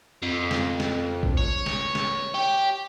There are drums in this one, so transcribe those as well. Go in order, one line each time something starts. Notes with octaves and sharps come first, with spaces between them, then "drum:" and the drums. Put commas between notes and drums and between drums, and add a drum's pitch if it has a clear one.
F2
drum: snare
drum: snare
drum: kick A#1
C#5
drum: snare
drum: snare
G4